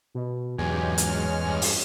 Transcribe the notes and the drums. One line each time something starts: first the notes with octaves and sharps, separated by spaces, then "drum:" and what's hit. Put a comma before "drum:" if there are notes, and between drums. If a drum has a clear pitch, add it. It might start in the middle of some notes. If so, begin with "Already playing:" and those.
B2
E2 G#2 C#3 F#3 G#3 G4 G#5
G#3 C#4 F6, drum: hi-hat
G2
drum: open hi-hat